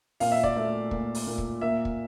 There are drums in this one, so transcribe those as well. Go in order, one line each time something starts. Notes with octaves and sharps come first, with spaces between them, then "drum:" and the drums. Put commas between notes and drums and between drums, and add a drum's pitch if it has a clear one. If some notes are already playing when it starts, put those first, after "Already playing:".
A#2 F5, drum: open hi-hat
E5
D5, drum: kick
A3 E5
A#2, drum: kick
drum: open hi-hat
A#2
drum: kick
A#3 E5
drum: kick